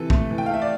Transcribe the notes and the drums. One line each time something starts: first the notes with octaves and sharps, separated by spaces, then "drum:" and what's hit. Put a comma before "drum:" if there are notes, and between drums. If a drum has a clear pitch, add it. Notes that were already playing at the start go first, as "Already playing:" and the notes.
Already playing: C3 E3 A4
A3, drum: kick
E3
G5
F5
A3 E5
D5